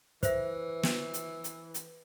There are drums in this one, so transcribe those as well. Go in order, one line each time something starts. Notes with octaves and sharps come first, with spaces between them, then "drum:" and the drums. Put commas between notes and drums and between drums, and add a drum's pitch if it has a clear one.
E3 C5 E5, drum: kick, hi-hat
drum: snare
drum: hi-hat
drum: hi-hat
drum: hi-hat